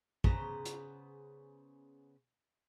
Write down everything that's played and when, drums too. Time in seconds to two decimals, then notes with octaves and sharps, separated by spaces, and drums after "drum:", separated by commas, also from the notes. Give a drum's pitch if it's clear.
0.24 C#3 B3 C5 A#5, drum: kick
0.65 drum: hi-hat